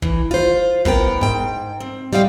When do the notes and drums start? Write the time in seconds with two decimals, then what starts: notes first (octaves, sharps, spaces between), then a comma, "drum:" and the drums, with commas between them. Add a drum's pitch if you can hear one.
0.02 E3, drum: kick
0.31 F4 C5
0.85 A2 B3 A#4 G5, drum: kick
1.21 G#2 G5
1.80 C4
2.13 G3 G#3 F5 G5